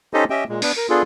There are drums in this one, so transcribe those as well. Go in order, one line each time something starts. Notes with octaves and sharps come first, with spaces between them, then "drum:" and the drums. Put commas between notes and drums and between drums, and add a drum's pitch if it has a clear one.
C#4 D#4 G4 A4 C5 D#5
C#4 G4 D#5 E5 G5
A#2 G#3
B3 D4, drum: open hi-hat
A#4
B3 D4 F4 G#4 A4